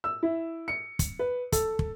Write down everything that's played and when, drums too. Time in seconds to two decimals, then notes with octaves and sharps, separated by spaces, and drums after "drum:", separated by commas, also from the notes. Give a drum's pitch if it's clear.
0.04 E6
0.23 E4
0.68 C#7
0.99 drum: kick, hi-hat
1.19 B4
1.52 A4, drum: kick, hi-hat
1.79 drum: kick